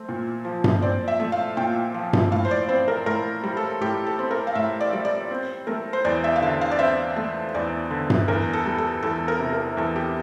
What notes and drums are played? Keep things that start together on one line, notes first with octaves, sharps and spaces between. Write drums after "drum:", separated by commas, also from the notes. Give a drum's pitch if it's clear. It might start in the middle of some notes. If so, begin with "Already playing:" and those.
Already playing: A3 C4
A#2
F3
drum: tom G2
C4 D5
E5
A3
F5
A#2 G5
F3
drum: tom G2
A2 F5
C5
D5
C4 C5
A#4
A2 A#4
G3
A4
A2 G4
A4
C4
A#4
F5
A2 E5
D5
G3
D5
C4
A3 A#4
C5
E2 D5
E5
F5
D3 E5
F5
D5
C4 E5
A3
E2 D5
D3
drum: tom G2
E2 A#4
A4
G3
A4
E2 A4
A#4
C3
A#4
E2 A4
G4